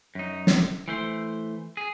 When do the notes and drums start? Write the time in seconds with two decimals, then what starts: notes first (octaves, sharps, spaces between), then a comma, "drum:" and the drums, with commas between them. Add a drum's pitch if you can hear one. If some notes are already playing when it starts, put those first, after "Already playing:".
0.15 F#2 D#4
0.47 drum: snare
0.88 E3 A3 C5
1.77 G#4